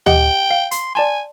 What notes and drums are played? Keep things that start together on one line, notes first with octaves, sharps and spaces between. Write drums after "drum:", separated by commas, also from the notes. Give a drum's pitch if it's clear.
G4 D#5 F#5 G5, drum: tom D2
F5
C6, drum: hi-hat
D5 G#5 A5 C6